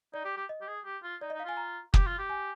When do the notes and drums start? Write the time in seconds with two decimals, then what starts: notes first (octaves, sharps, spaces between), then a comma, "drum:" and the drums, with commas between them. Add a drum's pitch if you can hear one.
0.14 D#4 D5
0.24 G4
0.37 G4
0.49 D#5
0.61 G4
0.67 G#4
0.85 G4
1.03 F4
1.21 D#4 D5
1.30 D#5
1.34 D#4
1.40 F5
1.45 F4 G#5
1.57 A#5
1.94 G4, drum: kick
2.07 F4
2.18 G4
2.30 G#5